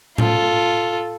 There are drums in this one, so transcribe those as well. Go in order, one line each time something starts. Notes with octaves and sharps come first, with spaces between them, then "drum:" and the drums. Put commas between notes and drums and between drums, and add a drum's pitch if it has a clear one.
F4 A4, drum: tom A2